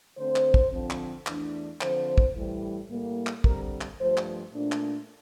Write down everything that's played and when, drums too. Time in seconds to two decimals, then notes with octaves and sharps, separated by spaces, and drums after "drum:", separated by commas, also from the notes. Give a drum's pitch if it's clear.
0.17 D3 A3 C4 C5
0.36 drum: clap
0.54 drum: kick
0.72 D3 F3 C4
0.90 drum: clap
1.27 E2 E3 A3 D4, drum: clap
1.81 D3 F3 C4 C5, drum: clap
2.18 drum: kick
2.36 A2 E3 G3
2.90 A2 G3 A#3
3.27 drum: clap
3.44 D3 G3 C4 A#4, drum: kick
3.81 drum: clap
3.99 G2 F3 A3 C5
4.17 drum: clap
4.54 A#2 A3 D4
4.72 drum: clap